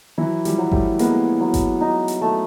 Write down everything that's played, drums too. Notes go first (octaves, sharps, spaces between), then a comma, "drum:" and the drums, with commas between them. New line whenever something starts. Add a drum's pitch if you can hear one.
E3 F#3 E4
F3 G3, drum: hi-hat
F#3
G3 A3, drum: kick G#1
G#3 A#3 B3, drum: hi-hat
F#3
drum: kick G#1, hi-hat
D#4
drum: hi-hat
A3